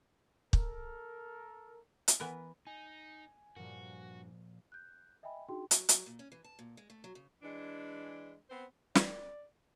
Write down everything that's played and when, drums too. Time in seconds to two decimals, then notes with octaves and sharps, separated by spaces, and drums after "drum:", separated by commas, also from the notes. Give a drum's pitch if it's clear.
0.53 A4 A#4, drum: kick
2.08 drum: hi-hat
2.20 E3 B3 A#4
2.67 D#4 G#5
3.56 G2 A#2 F3 F#4 A#4
4.72 F#6 G6
5.23 D#5 E5 G5 G#5 B5
5.48 D4 D#4 F#4 G#4 G5 C6
5.71 F#3, drum: hi-hat
5.89 F#3, drum: hi-hat
6.06 A#2
6.19 C#4
6.32 E3
6.44 A5
6.59 A#2
6.77 G#3
6.90 A3
7.04 F#3
7.15 C#3
7.43 E3 G#3 D4
8.50 B3 C4 C5
8.95 D5, drum: snare